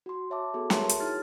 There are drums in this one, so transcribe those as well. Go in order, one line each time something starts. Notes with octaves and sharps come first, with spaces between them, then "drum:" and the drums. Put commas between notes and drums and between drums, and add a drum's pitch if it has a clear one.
F#4 C6
C#5 E5 A5 D6
B3 F#4 G#4 A4
G#4 A#4 C#5 E5 A5 C6, drum: snare
drum: hi-hat
D#4 E4 F#4 G#4 F6 A6